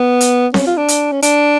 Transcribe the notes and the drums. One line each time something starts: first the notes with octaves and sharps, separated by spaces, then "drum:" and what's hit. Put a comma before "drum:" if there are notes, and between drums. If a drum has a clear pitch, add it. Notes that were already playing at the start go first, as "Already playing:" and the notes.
Already playing: B3
drum: hi-hat
C#4, drum: snare C4
F4
D4
drum: hi-hat
C#4
D4, drum: hi-hat